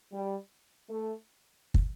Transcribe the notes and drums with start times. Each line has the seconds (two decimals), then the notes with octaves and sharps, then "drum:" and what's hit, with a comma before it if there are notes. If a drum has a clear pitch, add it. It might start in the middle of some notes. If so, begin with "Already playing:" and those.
0.12 G3
0.89 A3
1.74 drum: kick